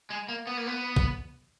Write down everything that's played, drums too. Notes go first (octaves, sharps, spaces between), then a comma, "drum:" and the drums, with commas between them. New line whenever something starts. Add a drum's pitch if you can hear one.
G#3
A#3
B3
A#3
B3
drum: kick